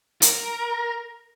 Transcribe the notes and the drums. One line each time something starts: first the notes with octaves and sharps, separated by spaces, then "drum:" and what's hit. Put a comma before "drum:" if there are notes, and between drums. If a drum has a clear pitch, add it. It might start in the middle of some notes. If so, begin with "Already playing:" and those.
A#4, drum: hi-hat